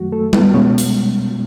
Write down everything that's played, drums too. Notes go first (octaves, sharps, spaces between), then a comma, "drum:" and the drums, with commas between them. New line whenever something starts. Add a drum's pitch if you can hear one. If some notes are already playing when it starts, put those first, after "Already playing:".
Already playing: F#2 D#3 F#3 A3 F#4
A3 A4
B3 B4, drum: tom G3
B2 G#3 B3 C#4 C#5
drum: hi-hat